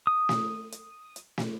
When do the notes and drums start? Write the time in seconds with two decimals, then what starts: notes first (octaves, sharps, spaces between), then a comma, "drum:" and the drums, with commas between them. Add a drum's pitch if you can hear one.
0.07 D#6
0.29 drum: snare
0.72 drum: hi-hat
1.16 drum: hi-hat
1.38 drum: snare